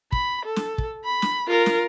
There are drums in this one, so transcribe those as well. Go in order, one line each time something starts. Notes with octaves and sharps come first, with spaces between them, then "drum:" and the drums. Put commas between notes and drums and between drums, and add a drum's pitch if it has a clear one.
B5, drum: kick
A4
drum: snare
drum: kick
B5
drum: snare
F4 A#4
drum: snare